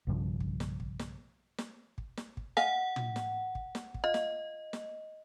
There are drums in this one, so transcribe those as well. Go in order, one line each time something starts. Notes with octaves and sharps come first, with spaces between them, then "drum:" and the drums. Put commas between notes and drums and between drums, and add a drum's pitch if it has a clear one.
B1 G2 C#3 F3
drum: kick
drum: snare
drum: kick
drum: snare
drum: snare
drum: kick
drum: snare
drum: kick
D#5 F5 F#5 G#5, drum: snare
drum: tom
drum: snare
drum: kick
drum: snare
drum: kick
F4 D#5
drum: snare
drum: snare